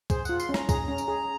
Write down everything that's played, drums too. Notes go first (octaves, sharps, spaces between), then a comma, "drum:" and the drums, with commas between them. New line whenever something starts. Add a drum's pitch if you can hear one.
G#4 C5, drum: kick C#2, tambourine
F4 F#5, drum: tambourine
C6, drum: tambourine
C#4
A#5, drum: snare
G#4 A#5, drum: kick C#2, tambourine
C#4
drum: tambourine
G#4